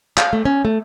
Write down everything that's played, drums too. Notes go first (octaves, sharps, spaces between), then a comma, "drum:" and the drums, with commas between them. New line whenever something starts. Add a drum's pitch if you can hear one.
F5, drum: clap
A3
C#4
A3